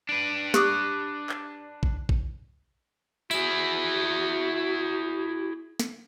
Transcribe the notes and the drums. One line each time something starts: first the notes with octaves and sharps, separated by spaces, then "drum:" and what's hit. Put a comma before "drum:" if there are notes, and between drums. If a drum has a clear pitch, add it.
D4 B4 D7
G4 D6 D#6 F#6, drum: snare
drum: clap
drum: kick A1
drum: kick A1
E4 F#4 G#4, drum: tambourine
drum: snare